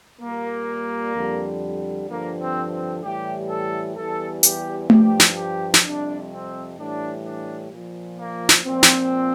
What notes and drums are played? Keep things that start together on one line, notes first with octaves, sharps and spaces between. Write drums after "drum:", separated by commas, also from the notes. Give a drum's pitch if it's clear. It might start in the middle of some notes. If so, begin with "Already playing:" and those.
A#2 G3 A#3
F2 D3 G3
G2 D3 F3 A#3
C4
C4
A2 E3 G3 G4
A4
E2 E3 G3 A4
G4, drum: hi-hat
G2 F3 G4, drum: tom A3
drum: snare
G4
drum: snare
F2 C3 G3 D4
C4
A2 E3 G3 D4
D4
A#2 F3
A#3
drum: snare
A#2 F3 C4
drum: snare